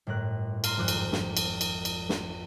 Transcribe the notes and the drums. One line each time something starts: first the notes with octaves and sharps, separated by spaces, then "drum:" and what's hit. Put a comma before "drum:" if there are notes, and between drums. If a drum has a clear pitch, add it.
G1 A2 A#4 F#6
F5 A#5 C6, drum: cymbal
G#1 F2 D6 F#6
drum: cymbal
drum: snare
drum: cymbal
drum: cymbal
drum: cymbal
drum: snare